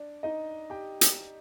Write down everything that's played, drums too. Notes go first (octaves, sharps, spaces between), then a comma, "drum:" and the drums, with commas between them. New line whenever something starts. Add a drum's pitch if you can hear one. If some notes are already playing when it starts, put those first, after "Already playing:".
Already playing: D4 D5
D#4 D#5
G4 G5
drum: hi-hat